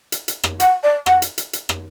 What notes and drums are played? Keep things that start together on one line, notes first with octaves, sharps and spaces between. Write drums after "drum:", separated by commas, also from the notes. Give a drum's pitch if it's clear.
drum: hi-hat
drum: hi-hat
drum: rim click
F#5, drum: hi-hat
D5
F#5, drum: rim click
drum: hi-hat
drum: hi-hat
drum: hi-hat
drum: rim click